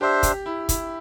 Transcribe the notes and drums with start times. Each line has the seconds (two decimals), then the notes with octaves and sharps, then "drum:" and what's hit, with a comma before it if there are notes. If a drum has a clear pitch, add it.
0.01 D4 G4 C5 E5
0.23 G4, drum: kick, hi-hat
0.46 E4
0.69 E4, drum: kick, hi-hat